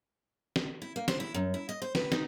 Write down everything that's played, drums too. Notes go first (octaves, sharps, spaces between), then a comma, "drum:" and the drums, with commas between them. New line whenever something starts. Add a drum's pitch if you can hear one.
drum: snare
E4
A#3
C5, drum: snare
E4
F#2
E4
D#5
C5
B4, drum: snare
D#4, drum: snare